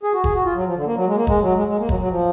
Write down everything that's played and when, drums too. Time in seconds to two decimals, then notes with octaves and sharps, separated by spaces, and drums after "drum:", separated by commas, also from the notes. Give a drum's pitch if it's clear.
0.03 G#4
0.13 F#4
0.24 G#4, drum: kick
0.34 F#4
0.45 F4
0.55 F#3
0.66 F3
0.76 D3
0.86 A#3
0.96 F#3
1.06 G#3
1.16 A#3
1.27 G#3, drum: kick
1.41 F#3
1.55 G#3
1.68 G#3
1.79 A#3
1.89 F#3, drum: kick
1.99 F#3
2.10 F3